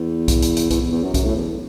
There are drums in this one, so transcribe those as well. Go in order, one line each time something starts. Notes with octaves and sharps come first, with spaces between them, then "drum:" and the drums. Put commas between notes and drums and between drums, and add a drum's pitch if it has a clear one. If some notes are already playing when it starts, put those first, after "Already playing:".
Already playing: E2
drum: kick B1, hi-hat
drum: hi-hat
drum: hi-hat
E2, drum: kick B1, hi-hat
E2
E2
F#2
F#2, drum: kick B1, hi-hat
A2
E2